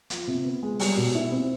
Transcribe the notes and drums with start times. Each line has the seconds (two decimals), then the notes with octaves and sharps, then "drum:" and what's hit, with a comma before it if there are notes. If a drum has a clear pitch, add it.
0.10 F3, drum: hi-hat
0.27 C3
0.44 B3
0.63 G#3
0.80 G3, drum: open hi-hat
0.97 B2
1.15 E4
1.32 C4